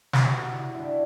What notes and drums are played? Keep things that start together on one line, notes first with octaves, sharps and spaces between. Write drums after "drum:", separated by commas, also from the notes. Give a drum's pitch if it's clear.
F#4, drum: snare
G4
E4
D4 E4